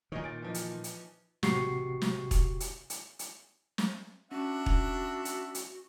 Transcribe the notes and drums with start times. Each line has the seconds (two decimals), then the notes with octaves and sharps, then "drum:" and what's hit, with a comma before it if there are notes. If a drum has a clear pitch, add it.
0.12 A#2 D#3 C#5 D#5 G#5
0.24 A6 D7
0.42 E3 F3 D#4
0.54 drum: hi-hat
0.84 drum: hi-hat
1.43 A1 C3 F#4 G4 C#6 C7, drum: snare
2.02 drum: snare
2.31 drum: kick, hi-hat
2.60 drum: hi-hat
2.90 drum: hi-hat
3.19 drum: hi-hat
3.78 drum: snare
4.31 C#4 D4 F#4 E5 F#5
4.66 drum: kick
5.25 drum: hi-hat
5.55 drum: hi-hat